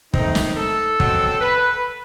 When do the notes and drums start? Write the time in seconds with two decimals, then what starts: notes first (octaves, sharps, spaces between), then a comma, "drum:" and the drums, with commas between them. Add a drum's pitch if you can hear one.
0.14 D#3 A3 C4 D#4, drum: kick
0.35 drum: snare
0.56 A4
1.00 B2 F#3 C4, drum: kick
1.41 B4